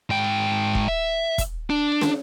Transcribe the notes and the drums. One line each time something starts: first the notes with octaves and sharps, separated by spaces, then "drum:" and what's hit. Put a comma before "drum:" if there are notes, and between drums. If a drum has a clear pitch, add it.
G#2 G5
drum: kick E1
E5
drum: kick E1, hi-hat
D4
drum: snare